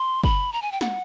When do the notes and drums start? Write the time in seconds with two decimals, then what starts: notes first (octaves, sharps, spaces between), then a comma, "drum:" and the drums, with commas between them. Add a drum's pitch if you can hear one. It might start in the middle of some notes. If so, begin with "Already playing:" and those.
Already playing: C6
0.24 B5, drum: kick G1
0.53 A#5
0.62 G#5
0.72 G5
0.81 F#5, drum: snare